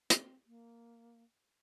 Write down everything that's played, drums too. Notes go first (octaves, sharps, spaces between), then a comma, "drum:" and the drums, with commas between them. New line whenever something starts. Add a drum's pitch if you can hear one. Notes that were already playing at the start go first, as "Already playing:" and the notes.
C4, drum: hi-hat
A#3